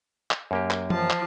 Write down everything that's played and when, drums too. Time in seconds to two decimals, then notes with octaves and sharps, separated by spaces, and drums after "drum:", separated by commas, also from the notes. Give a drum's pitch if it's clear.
0.31 drum: clap
0.51 F#2 A#3 G4
0.70 drum: clap
0.90 F3 A5, drum: tom E3
1.10 drum: clap